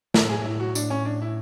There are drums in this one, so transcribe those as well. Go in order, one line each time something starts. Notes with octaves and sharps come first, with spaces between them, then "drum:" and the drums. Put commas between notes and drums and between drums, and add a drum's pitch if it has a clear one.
A2 A4, drum: snare
G#4
A2 E4
F#4
D4, drum: tambourine
C#4
D4
E4